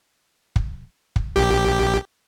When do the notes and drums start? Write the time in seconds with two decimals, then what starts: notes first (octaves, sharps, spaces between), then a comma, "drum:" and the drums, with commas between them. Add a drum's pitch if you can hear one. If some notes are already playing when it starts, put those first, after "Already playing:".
0.56 drum: kick
1.16 drum: kick
1.36 A#1 G4